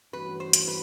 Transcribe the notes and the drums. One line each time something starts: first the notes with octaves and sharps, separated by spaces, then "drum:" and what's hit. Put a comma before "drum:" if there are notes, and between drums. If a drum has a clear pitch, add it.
G2 E3 A3 C#4 F#4 B4
C5
drum: hi-hat
B4